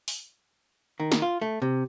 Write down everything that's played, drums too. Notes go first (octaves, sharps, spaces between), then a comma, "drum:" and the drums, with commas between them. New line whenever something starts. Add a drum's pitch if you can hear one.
drum: open hi-hat
D#3
drum: snare
F4
A3
C3